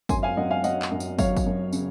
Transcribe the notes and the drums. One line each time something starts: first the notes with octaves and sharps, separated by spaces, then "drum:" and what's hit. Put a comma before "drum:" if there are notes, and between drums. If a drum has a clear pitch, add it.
F#2 G#5 C6, drum: kick, tambourine
F5 G#5
F#2 D#5 F#5
F5 G#5
F#3 D#5 F#5, drum: tambourine
drum: clap
F#2
drum: tambourine
F#3 C#5 F5, drum: kick, tambourine
drum: kick, tambourine
F#2
C#3, drum: tambourine